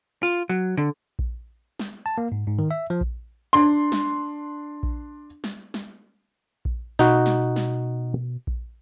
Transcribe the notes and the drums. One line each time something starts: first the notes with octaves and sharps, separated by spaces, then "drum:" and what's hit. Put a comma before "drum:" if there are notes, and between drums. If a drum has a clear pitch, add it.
F4
F#3
D3
drum: kick A#1
drum: snare
A5
A#3
G#2
G#2
D#3
E5
F3
drum: kick A#1
D4 C6
drum: snare
drum: kick A#1
drum: snare
drum: snare
drum: kick A#1
B2 D#4 F#4
drum: snare
drum: snare
drum: kick A#1